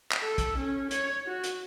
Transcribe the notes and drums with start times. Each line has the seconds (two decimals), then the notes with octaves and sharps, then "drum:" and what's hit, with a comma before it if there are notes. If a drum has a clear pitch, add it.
0.12 drum: clap
0.22 A4
0.38 drum: kick, hi-hat
0.58 C#4
0.91 C#5, drum: hi-hat
1.26 F#4
1.44 drum: hi-hat